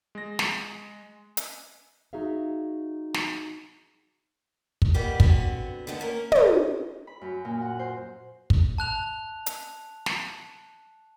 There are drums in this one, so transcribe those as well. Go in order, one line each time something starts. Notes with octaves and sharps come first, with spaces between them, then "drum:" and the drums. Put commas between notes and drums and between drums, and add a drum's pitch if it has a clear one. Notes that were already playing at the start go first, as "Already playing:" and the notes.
G#3 A#6
drum: snare
drum: hi-hat
D#4 F#4 G#4 E5 F5
drum: snare
drum: kick
B2 G3 A#3 B3 G4 G#4
D3 B3 C4 F#4, drum: kick
D3 D#3 A3 B3 C4
A#3 C#4 A#4
C#4 D#5, drum: tom
B5
F#2
A#2
F#5
C5
drum: kick
A5 F#6 F7
drum: hi-hat
drum: snare